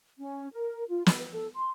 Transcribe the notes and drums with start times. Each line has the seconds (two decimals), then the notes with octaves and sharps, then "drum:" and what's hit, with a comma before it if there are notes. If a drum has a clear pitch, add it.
0.19 C#4
0.53 A#4
0.90 F4
1.06 B5, drum: snare
1.19 B4
1.34 A4
1.55 C6